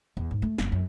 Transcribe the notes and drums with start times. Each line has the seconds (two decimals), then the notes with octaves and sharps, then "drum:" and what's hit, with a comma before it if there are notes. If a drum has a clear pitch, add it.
0.17 E2
0.31 G#2
0.42 A3
0.58 F#1, drum: snare
0.72 F#2